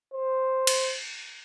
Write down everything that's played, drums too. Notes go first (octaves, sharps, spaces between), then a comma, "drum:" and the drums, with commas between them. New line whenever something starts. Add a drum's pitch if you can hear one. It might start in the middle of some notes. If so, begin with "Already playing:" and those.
C5
drum: cymbal